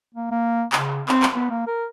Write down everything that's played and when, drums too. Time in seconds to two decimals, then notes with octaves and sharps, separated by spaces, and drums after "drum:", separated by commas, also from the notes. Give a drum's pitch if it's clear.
0.14 A#3
0.31 A#3
0.72 C#3, drum: clap
1.08 C4, drum: clap
1.23 drum: clap
1.35 B3
1.50 A#3
1.67 A#4